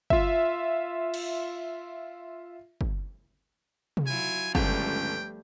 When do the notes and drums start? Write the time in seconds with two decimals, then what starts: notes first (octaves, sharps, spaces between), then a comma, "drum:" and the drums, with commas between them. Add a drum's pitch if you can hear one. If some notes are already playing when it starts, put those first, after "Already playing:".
0.10 F4 E5, drum: kick
1.14 drum: cymbal
2.81 drum: kick
3.97 drum: tom C3
4.07 F#3 E4 F4 G#5
4.55 G1 C#2 F3 G3 A3 G5 G6, drum: kick